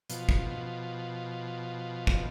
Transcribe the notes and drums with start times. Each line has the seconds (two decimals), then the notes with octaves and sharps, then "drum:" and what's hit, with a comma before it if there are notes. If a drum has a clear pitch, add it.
0.10 B2 F3, drum: hi-hat
0.29 drum: kick
2.07 drum: kick